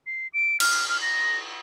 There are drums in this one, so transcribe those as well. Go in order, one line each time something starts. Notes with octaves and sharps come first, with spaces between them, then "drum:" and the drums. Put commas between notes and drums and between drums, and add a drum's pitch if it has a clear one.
C7
D7
F6, drum: cymbal
F6
A#6